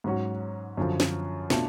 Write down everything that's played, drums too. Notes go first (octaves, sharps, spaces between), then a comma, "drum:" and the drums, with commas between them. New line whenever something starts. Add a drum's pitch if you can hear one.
G#2 F#3 C#4 F#4
F#2 D3 F3
drum: snare
B2 A3 D4 F4, drum: snare